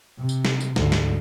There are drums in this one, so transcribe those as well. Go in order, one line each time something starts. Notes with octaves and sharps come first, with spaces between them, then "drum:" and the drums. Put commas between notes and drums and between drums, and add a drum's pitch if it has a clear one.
C3
drum: tambourine
drum: snare
drum: tambourine
D2 G#2, drum: snare
drum: snare